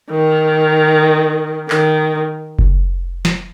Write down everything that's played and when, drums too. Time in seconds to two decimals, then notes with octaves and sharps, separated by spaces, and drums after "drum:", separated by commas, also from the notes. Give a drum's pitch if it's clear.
0.11 D#3
1.70 D#3, drum: clap
2.59 drum: kick F#1
3.25 drum: snare